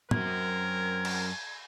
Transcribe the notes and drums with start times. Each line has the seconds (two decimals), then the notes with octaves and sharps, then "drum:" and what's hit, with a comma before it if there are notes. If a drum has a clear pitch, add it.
0.11 F#2 F#3 C4 A#4 G#6, drum: tom
1.05 drum: cymbal